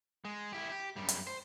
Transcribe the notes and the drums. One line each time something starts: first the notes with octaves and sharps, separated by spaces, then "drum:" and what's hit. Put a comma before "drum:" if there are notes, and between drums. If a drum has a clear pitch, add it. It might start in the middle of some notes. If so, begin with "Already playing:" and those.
G#3
E4 G4
G4
F#2 G3
drum: hi-hat
C5